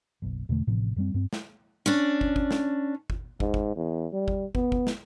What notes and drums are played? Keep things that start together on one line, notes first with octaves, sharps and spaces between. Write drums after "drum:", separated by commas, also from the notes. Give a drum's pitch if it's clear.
F#1 B1
E2 B2 D3 A3
A1 A2 C3 F3
F#2 G3 C4
G2 C4
drum: snare
C#4 D4
drum: kick
drum: kick
drum: snare
drum: kick
G#2, drum: kick
drum: kick
E2
G3
drum: kick
B3, drum: kick
drum: kick
drum: snare